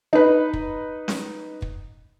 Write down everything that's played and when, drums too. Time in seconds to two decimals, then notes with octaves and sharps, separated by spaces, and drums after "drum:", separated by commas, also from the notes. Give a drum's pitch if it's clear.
0.13 D#4 B4
0.54 drum: kick
1.08 drum: snare C#4
1.62 drum: kick